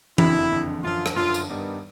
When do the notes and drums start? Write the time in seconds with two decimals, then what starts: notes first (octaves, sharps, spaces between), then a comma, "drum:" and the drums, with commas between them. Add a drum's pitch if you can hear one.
0.18 F#1 F2 D3 E4, drum: tom E3
0.52 F#1 F2 D3
0.84 F#2 D3 F3 F4
1.06 drum: rim click
1.16 F#2 D3 F3 F4
1.34 drum: tambourine
1.49 G2 D#3 G3 B3 D#4